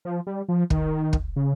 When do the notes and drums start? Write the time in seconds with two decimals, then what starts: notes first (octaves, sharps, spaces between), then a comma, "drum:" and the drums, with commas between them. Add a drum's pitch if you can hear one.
0.05 F3
0.27 G3
0.49 F3
0.70 D#3, drum: kick
1.13 drum: kick
1.36 C#3